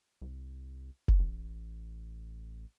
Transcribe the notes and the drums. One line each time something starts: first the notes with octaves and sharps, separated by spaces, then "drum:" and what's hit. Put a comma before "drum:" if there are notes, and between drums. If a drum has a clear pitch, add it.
C2
drum: kick F1
A1